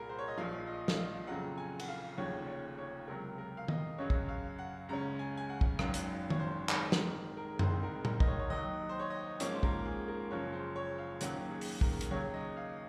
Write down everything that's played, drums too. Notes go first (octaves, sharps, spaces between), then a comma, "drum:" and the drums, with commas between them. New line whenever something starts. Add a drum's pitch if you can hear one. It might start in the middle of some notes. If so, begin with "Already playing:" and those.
Already playing: C2 A#2 G#4 A#4
C5
C#5
D#5
A#1 A#2 F3 F5
D#5
drum: snare
F5
F2 C#3 F#3 F#5
G#5
F#5, drum: cymbal
F5
F1 D#2 C#3 F3 C#5
C#5
C#5
C#2 C3 F#3 A#4
A#4
F5
D#5, drum: tom
F#2 C#3 F#3 C#5
drum: kick
F5
F#5
C#2 C#3 G#3 C#4 A#5
G#5
G#5
F#5
drum: kick
G#1 F#2 D#3 F#3 F5, drum: rim click
drum: hi-hat
C#5, drum: tom
C5
G#2 D#3 G#3 C4 G#4, drum: clap
A#4, drum: snare
A#4
C2 C3 D#3 G#3 C4 C5, drum: tom F#2
A#4
A#4, drum: tom
D#5, drum: kick
C#5
C#5
D#2 D#3 F#3 D#5
C5
C#5
D#5
G#2 F3 A#3 C#4 C#5, drum: hi-hat
C5
A#4, drum: kick
G#4
A#4
F#1 F#2 F3 C#5
C5
C#5
F5
D#2 D#3 F#3 A#3 C#4 F#5, drum: hi-hat
G#4
drum: open hi-hat
A#4, drum: kick
drum: hi-hat
D#2 C#3 F#3 C#5
D#5
F5